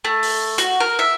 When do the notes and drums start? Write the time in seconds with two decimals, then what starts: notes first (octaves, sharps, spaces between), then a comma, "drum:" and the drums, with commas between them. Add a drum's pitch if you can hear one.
0.05 A3
0.23 drum: open hi-hat
0.58 F#4, drum: hi-hat
0.80 A#4
0.99 E5